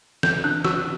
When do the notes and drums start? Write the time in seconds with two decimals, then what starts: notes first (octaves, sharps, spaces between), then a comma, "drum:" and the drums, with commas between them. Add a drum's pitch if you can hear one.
0.23 A4 G6, drum: snare
0.44 D4 F#6
0.64 F#4 E6, drum: snare